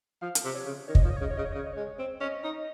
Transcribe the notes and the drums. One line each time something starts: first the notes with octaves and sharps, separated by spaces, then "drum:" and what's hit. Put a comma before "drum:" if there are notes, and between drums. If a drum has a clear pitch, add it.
F3 F5
drum: hi-hat
C3
C#5
C#3
D#3 C#5
D#5, drum: kick
F3 C#5
D#5
C#5
C#3
D#5
C#5
C#3 D#5
C#5
C#3 D#5
C#5
D#5
G#3 C#5
C4
C#4 D#5
D#4